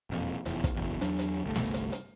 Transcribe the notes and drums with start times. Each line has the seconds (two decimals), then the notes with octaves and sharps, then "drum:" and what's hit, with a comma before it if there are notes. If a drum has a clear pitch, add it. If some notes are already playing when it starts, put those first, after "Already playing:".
0.10 E1 F2 A#2
0.45 F1 E2 A2, drum: hi-hat
0.64 drum: kick, hi-hat
0.75 F#1 E2
1.01 E2 F#3 D4, drum: hi-hat
1.19 drum: hi-hat
1.44 G1 C2 A3
1.56 drum: snare
1.74 drum: hi-hat
1.92 drum: hi-hat